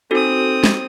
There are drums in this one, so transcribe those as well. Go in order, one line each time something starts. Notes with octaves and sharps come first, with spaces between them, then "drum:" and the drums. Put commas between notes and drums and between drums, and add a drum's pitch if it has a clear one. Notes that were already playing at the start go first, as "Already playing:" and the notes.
C4 D#4 F#4 A4 D#6
drum: snare